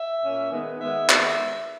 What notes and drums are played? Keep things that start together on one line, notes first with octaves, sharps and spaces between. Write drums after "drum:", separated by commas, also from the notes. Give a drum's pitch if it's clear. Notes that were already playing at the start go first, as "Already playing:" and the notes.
Already playing: E5
A#2 A#3 C#4
D#3 G#3 B3
D#3 G#3 B3 E5
D#3 G#3 B3, drum: clap